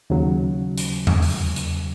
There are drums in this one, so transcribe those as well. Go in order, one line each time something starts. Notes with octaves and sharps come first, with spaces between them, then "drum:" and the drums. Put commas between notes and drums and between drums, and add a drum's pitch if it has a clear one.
D#2 C#3 F#3
drum: hi-hat
drum: tom E2
drum: open hi-hat
drum: hi-hat